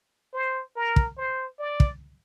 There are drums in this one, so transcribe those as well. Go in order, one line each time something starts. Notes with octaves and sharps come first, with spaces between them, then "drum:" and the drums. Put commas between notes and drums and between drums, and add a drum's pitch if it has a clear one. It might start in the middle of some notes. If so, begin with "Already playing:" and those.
C5
A#4
drum: kick
C5
D5
drum: kick